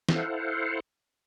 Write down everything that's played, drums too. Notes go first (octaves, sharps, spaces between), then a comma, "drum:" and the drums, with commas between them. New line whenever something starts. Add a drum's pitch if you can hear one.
E4 A4 C5 F5 F#5, drum: snare